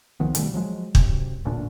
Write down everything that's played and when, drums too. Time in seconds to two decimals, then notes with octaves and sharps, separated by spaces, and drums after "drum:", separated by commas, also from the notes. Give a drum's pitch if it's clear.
0.20 C2 D#3 F3 B3
0.35 B2 D#3 G3 A3, drum: hi-hat
0.54 F3 F#3 G#3
0.95 F#2 C3, drum: kick
1.45 A1 D2 A#2 D4